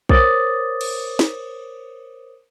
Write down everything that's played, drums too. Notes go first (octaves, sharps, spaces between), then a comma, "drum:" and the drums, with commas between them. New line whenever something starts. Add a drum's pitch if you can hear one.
A#4 C5 C#5 D6 D#6 A6, drum: kick B1
drum: cymbal
drum: snare